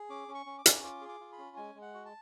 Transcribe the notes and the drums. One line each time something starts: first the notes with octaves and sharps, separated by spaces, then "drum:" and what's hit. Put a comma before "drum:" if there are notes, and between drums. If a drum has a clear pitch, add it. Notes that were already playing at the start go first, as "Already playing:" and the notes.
Already playing: G#4
C#4 D6
C#4
C#6
C#4
D6
C#4, drum: hi-hat
F4 D6
G#4
D6
F4
B5
C#4
G#3 G#5
G#3
F#5
F#4
A5